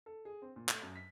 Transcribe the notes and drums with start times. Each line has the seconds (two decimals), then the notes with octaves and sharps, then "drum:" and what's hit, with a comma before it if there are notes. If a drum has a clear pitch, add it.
0.06 A4
0.25 G#4
0.42 C4
0.56 A#2
0.69 A3, drum: clap
0.82 F#2
0.96 B6